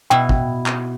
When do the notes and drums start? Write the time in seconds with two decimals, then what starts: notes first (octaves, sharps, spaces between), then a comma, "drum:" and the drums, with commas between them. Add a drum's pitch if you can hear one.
0.10 B2 B3 E4 G5
0.29 drum: kick
0.66 drum: clap